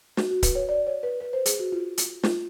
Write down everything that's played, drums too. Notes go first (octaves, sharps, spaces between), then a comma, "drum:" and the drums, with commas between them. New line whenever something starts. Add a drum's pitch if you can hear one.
F#4, drum: snare
F#4
B4, drum: kick C#1, hi-hat
C#5
D5
C#5
B4
B4
C5
G#4, drum: hi-hat
F#4
F4
drum: hi-hat
F4, drum: snare